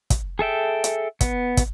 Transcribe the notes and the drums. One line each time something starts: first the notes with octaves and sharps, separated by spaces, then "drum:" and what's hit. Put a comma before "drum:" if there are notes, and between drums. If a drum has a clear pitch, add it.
drum: kick, hi-hat
G#4 A4 E5 G5
drum: hi-hat
B3, drum: kick, hi-hat
drum: kick, hi-hat